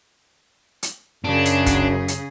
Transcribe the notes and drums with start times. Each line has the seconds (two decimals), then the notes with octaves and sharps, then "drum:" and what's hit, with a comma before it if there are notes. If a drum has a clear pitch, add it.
0.83 drum: hi-hat
1.24 F#2 C#3 D4 G#4
1.45 drum: hi-hat
1.66 drum: kick, hi-hat
2.08 drum: hi-hat